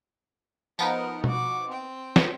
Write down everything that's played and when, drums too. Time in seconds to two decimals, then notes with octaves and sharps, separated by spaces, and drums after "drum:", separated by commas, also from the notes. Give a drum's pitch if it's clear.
0.79 F3 B3 D#4 A#4 F#5, drum: tambourine
1.24 F#4 D6, drum: tom B2
1.68 C4 G5
2.16 drum: snare